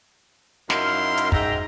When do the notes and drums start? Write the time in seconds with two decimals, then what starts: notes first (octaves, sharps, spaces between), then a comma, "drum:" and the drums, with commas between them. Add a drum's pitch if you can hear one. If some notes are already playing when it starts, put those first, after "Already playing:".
0.70 F#2 D#4 E4 A#4 F5 C6, drum: snare
1.17 drum: hi-hat
1.32 G#2 D#4 E5 G5 A#5, drum: kick